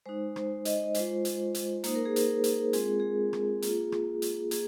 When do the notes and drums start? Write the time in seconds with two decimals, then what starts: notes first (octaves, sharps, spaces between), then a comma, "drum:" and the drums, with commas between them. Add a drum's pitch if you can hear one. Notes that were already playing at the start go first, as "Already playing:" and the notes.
0.06 G#3 D#4 C5
0.36 C5, drum: rim click
0.65 D#5, drum: hi-hat
0.94 G#3 F4 C5, drum: hi-hat
1.25 drum: hi-hat
1.55 drum: hi-hat
1.84 A#3 D#4 C5, drum: hi-hat
1.95 A#4
2.05 G#4
2.16 A#4, drum: hi-hat
2.44 drum: hi-hat
2.73 G#3 C4 F4 G#4, drum: hi-hat
3.00 G#4
3.33 drum: rim click
3.62 A#3 F4, drum: hi-hat
3.92 drum: rim click
4.22 drum: hi-hat
4.51 A#3 G#4, drum: hi-hat